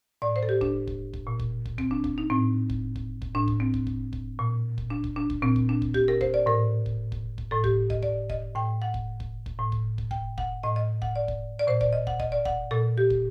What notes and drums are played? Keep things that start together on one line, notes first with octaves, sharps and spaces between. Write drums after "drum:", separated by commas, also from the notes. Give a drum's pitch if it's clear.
A2 D5
C5
A4
G4
D4, drum: kick
drum: kick
drum: kick
A#2
drum: kick
drum: kick
C4, drum: kick
D4
D4, drum: kick
D#4
A2 C4
drum: kick
drum: kick
drum: kick
A2 D4
drum: kick
C4
drum: kick
drum: kick
drum: kick
A#2
drum: kick
D4
drum: kick
D4
drum: kick
A#2 C4
drum: kick
D4
drum: kick
G4, drum: kick
A#4
C5, drum: kick
D5
A2 A#4
drum: kick
drum: kick
drum: kick
A2 A4
G4, drum: kick
D#5, drum: kick
D5, drum: kick
D#5, drum: kick
A2 G5
F#5
drum: kick
drum: kick
drum: kick
A2
drum: kick
drum: kick
G5, drum: kick
F#5, drum: kick
A2 D#5
D#5
F#5, drum: kick
D5
drum: kick
D5
A#2 C5
D5, drum: kick
D#5
F#5, drum: kick
D#5, drum: kick
D5
F#5, drum: kick
A#2 A4
G4
drum: kick